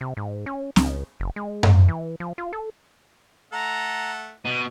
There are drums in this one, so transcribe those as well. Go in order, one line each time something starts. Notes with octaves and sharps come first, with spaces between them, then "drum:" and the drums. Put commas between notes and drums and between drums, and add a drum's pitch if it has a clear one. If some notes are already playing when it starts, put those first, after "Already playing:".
C3
G#2
C#4
C#2, drum: snare C4
F#1
G#3
drum: tom F#2
E3
F3
F4
A4
A3 A4 F#5 A#5
B2 D#7